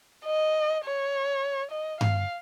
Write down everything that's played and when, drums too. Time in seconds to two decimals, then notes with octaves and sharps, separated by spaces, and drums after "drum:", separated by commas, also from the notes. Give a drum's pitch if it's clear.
0.25 D#5
0.84 C#5
1.72 D#5
2.01 F5, drum: tom G2